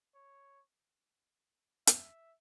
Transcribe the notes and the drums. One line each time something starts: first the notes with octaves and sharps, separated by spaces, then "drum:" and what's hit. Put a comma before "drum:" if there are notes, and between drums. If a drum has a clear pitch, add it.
C#5
E5, drum: hi-hat